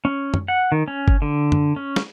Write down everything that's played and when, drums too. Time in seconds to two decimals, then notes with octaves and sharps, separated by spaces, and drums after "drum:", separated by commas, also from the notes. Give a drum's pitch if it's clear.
0.05 C#4
0.34 drum: tom
0.48 F#5
0.72 D#3
0.88 C#4
1.08 drum: kick G1
1.22 D3
1.52 drum: tom
1.76 C#4
1.96 drum: snare